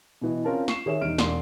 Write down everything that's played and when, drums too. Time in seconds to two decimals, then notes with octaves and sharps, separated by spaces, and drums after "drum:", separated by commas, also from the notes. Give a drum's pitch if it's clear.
0.21 B2 E3 D#5
0.44 C4 C#4 F4 A#4 F5 A5
0.68 C#6 C7 E7, drum: snare
0.86 D#3 G#4 C#5 E5 E7
1.01 E1 D#4 F6 D7
1.18 E1 D5 C6, drum: snare